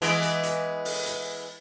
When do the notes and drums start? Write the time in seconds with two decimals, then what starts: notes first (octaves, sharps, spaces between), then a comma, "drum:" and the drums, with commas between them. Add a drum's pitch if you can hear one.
0.02 E3 G#3 B3, drum: hi-hat
0.23 drum: hi-hat
0.43 drum: hi-hat
0.85 drum: open hi-hat
1.06 drum: hi-hat